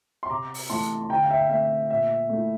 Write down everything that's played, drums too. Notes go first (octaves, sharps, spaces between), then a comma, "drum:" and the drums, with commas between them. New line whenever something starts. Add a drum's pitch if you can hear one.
C6
C3 A#5 D6
drum: open hi-hat
E3 A3 A5 C6
C6
D3 G5 A#5
F5
E5 G5
A3 C4 E5
A#2 E5
A3
E4